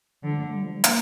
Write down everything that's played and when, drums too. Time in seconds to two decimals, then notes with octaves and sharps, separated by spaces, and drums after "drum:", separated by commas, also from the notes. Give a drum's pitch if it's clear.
0.23 D3 F3
0.33 A3
0.43 A3
0.53 G3
0.63 F3
0.74 G3
0.84 A#3, drum: hi-hat